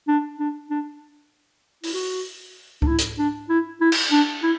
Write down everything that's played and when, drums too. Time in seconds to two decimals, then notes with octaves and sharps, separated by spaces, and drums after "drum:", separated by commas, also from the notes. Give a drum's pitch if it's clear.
0.08 D4
0.40 D4
0.70 D4
1.83 E4, drum: open hi-hat
1.94 F#4
2.82 D4, drum: kick C#2
2.88 E4
2.98 drum: hi-hat
3.18 D4
3.49 E4
3.81 E4
3.92 drum: cymbal
4.12 D4
4.43 E4